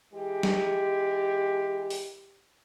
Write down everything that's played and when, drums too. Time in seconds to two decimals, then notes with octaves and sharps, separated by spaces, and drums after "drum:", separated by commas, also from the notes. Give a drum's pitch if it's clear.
0.14 E3 G#3 G4
0.43 drum: snare
1.90 drum: open hi-hat